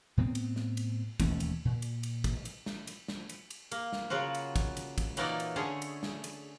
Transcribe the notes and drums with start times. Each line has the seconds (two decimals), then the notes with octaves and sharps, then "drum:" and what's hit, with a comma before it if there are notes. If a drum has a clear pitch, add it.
0.17 A2 B3 C4
0.35 drum: cymbal
0.56 drum: snare
0.77 drum: cymbal
1.20 E1 D#2 A3 C#4, drum: kick, cymbal
1.40 drum: cymbal
1.65 A#2
1.82 drum: cymbal
2.03 drum: cymbal
2.24 drum: kick, cymbal
2.45 drum: cymbal
2.66 drum: snare
2.87 drum: cymbal
3.08 drum: snare
3.29 drum: cymbal
3.50 drum: cymbal
3.72 A#3, drum: cymbal
3.93 drum: snare
4.10 C#3 F#3 F4 F#4
4.35 drum: cymbal
4.56 drum: kick, cymbal
4.77 drum: cymbal
4.98 drum: kick, cymbal
5.17 A#2 E3 F#3 A#3 D#4 D5, drum: cymbal
5.40 drum: cymbal
5.56 D3 A3 C#4 G#4 C#5
5.82 drum: cymbal
6.03 drum: snare
6.24 drum: cymbal